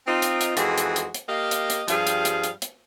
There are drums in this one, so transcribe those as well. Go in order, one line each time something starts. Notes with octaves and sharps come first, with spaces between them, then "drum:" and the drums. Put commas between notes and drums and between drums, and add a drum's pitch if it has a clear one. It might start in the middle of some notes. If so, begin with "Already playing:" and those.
C4 D#4 F4
drum: hi-hat
drum: hi-hat
F2 E3 G#3 D#4 F#4 G#4, drum: hi-hat
drum: hi-hat
drum: hi-hat
drum: hi-hat
A#3 G4 D#5 F5
drum: hi-hat
drum: hi-hat
G2 F3 G3 G#4 F5, drum: hi-hat
drum: hi-hat
drum: hi-hat
drum: hi-hat
drum: hi-hat